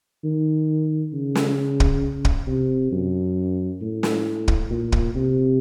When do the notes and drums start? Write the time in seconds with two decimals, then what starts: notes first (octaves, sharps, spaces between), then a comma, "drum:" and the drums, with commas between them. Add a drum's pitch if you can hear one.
0.24 D#3
1.13 C#3
1.35 drum: snare
1.80 drum: kick
2.25 drum: kick
2.47 C3
2.91 F#2
3.81 A2
4.03 drum: snare
4.48 drum: kick
4.70 A#2
4.92 drum: kick
5.15 C3